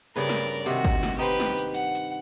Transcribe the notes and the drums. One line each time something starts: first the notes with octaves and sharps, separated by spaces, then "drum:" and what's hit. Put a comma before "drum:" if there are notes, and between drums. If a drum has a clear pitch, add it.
G2 C#3 A#4 B4 D5
drum: snare
C3 D#3 F#4, drum: open hi-hat
drum: kick, hi-hat
drum: snare
D#4 G4 B4 C5, drum: open hi-hat
drum: snare
drum: hi-hat
F#5, drum: hi-hat
drum: hi-hat